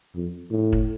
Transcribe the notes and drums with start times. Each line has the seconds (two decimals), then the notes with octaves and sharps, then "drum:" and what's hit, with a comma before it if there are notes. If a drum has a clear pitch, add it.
0.15 F2
0.50 A2
0.73 drum: kick